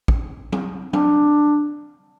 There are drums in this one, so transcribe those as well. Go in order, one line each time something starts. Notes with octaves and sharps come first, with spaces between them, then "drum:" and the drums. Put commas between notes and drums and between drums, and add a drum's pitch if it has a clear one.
drum: kick
drum: tom F#3
D4, drum: tom F#3